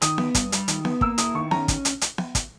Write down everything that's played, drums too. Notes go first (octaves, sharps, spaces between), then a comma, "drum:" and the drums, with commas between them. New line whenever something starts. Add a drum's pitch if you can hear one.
D#3 D#6, drum: hi-hat
B3, drum: snare B3
G2, drum: kick, hi-hat
G3, drum: hi-hat
D#3, drum: hi-hat
B3, drum: snare B3
A#3 E6, drum: kick
E4 D#6, drum: hi-hat
D#3 C#6
C#4 A#5, drum: snare B3
drum: kick, hi-hat
drum: hi-hat
drum: hi-hat
drum: snare B3
drum: kick, hi-hat